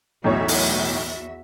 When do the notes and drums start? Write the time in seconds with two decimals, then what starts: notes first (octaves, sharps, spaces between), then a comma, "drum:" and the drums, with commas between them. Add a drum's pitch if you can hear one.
0.24 B1 E2 A2 F#4 C#5 E5
0.48 drum: open hi-hat